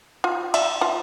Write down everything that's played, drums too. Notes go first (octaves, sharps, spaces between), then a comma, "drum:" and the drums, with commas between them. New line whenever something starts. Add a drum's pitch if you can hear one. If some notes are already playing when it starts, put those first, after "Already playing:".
F4
D5 E5, drum: cymbal
F4